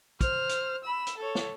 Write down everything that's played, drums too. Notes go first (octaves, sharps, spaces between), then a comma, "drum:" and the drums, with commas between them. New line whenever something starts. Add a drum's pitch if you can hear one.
C5 F6, drum: kick, hi-hat
drum: hi-hat
B5 E6
drum: hi-hat
A4 C#5
drum: snare